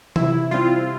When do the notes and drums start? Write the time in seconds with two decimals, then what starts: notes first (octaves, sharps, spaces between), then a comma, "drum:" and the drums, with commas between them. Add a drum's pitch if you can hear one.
0.16 C3 E4, drum: tom E3
0.51 G3 C4 F4